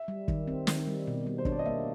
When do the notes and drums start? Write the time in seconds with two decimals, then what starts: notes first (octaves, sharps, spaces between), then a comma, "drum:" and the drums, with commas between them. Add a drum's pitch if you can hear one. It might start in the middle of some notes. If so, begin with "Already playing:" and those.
Already playing: E5
0.08 G3
0.28 D#3, drum: kick
0.47 C4
0.67 D#3, drum: snare
0.87 G3
1.07 B2
1.26 G3
1.38 C5
1.45 D4 C#5, drum: kick
1.52 D5
1.59 D#5
1.66 A#3 E5